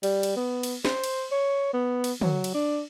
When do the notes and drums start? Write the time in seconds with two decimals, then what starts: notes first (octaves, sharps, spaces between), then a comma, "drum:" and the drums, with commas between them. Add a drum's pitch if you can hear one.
0.03 G3, drum: cymbal
0.23 drum: cymbal
0.36 B3
0.63 drum: cymbal
0.85 C5, drum: snare
1.04 drum: cymbal
1.32 C#5
1.74 B3
2.04 drum: cymbal
2.21 F#3, drum: tom
2.44 drum: cymbal
2.54 D4